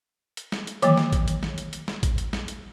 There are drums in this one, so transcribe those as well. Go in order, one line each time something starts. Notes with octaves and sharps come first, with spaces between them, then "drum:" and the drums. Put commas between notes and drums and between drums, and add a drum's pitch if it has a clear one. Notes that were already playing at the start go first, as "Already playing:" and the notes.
drum: hi-hat
drum: snare
drum: hi-hat
D#3 E3 F#3 A#3, drum: hi-hat
drum: snare
drum: kick A1, hi-hat
drum: hi-hat
drum: snare
drum: hi-hat
drum: hi-hat
drum: snare
drum: kick A1, hi-hat
drum: hi-hat
drum: snare
drum: hi-hat